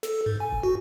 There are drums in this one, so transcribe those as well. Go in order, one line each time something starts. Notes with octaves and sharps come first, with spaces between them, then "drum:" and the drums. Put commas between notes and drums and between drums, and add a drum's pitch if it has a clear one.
A4, drum: snare
G#2
G#5
drum: kick F#1
F#4